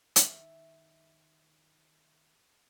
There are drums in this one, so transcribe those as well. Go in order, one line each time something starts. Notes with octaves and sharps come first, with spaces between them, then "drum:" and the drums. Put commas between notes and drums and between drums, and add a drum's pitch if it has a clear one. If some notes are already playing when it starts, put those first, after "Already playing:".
D#3 E5, drum: hi-hat